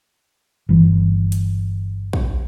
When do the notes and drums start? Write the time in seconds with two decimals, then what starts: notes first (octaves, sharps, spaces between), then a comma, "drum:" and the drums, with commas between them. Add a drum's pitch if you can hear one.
0.69 G1 E3
1.32 drum: hi-hat
2.13 drum: kick